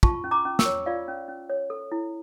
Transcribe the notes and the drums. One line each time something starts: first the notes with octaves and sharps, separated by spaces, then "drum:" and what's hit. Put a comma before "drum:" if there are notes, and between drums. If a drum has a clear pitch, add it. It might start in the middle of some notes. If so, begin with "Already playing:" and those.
F4 A5 C#6, drum: kick
C#4
A#5 D6
C#4
C#6 E6, drum: snare
C#5
F4 D5 F5
C#4
C#4
C#5
A4
E4